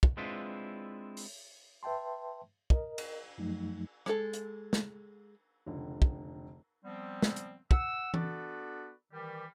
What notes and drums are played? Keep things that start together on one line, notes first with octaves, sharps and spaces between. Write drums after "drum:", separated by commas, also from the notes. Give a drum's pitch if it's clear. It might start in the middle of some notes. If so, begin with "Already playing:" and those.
drum: kick
G#3 C4 D4 E4 F4 B4
drum: open hi-hat
B4 E5 G5 A5 C6
A#4 D#5, drum: kick
drum: cymbal
F#2 F3 F#3 A3 D#4
G#3 A4, drum: rim click
drum: hi-hat
drum: snare
F1 C#2 D3
drum: kick
F3 G3 B3 C4
drum: snare
drum: hi-hat
F#5 E6, drum: kick
B3 D4 F#4 A4 B4 D5, drum: tom E3
D#3 E3 G3